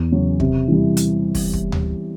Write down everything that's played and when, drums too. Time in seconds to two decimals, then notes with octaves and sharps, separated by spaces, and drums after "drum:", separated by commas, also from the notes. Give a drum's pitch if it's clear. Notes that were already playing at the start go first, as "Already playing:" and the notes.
Already playing: E2
0.12 C#3 F#3
0.40 C3, drum: kick
0.68 E3 G3
0.97 drum: hi-hat
1.35 drum: kick, open hi-hat
1.53 drum: kick
1.72 drum: tom D2